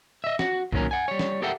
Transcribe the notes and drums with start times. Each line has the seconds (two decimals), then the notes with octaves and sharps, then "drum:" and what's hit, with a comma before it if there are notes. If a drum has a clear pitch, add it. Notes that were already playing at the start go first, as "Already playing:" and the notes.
0.24 D#5 E5
0.39 F#4, drum: snare
0.72 A#2 D#3 F#3 C#4 A#4, drum: kick C2
0.91 F#5 G#5
1.08 G3 C#5
1.19 drum: snare
1.42 G4 A4 A#4 E5 F#5 G5